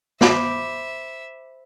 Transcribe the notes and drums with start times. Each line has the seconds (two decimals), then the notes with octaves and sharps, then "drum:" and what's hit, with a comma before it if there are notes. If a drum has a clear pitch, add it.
0.21 C5 E5 B5 D6, drum: snare